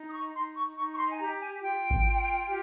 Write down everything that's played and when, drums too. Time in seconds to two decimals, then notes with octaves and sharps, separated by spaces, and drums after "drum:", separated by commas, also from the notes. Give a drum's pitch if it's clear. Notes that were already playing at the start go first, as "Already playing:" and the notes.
Already playing: D#4
0.08 D#6
0.13 C#6
0.34 D#4 C6
0.55 C#6
0.77 D#4 C#6
0.94 C#6
0.98 C6
1.10 G#5
1.19 G4 A#5
1.40 G#5
1.62 F4 G5
1.90 drum: kick G#1
2.05 F4
2.47 G4